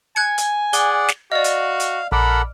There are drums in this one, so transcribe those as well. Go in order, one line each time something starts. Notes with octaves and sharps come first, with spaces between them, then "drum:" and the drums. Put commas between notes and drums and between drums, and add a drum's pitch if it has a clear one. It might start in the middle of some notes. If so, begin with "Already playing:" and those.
G#5 F#6 G#6 C#7
drum: hi-hat
G#4 D5 F#5 G7, drum: hi-hat
drum: snare
F#4 D5 D#5 F5
drum: hi-hat
drum: hi-hat
A#1 A4 A#4 F#5 B5 D6 F6